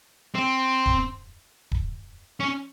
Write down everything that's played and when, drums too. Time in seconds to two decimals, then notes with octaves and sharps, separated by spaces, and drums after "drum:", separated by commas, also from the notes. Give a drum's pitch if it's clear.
0.35 C4
0.86 drum: kick D#1
1.72 drum: kick D#1
2.40 C#4